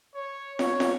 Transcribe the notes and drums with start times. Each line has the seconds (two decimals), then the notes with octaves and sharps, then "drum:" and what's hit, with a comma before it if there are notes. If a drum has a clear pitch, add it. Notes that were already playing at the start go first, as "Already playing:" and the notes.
0.15 C#5
0.59 C#5, drum: snare
0.80 drum: snare